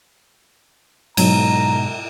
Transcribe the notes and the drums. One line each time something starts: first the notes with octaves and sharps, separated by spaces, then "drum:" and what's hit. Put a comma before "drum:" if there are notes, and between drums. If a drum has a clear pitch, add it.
G#2 B2 F#3 A#5, drum: cymbal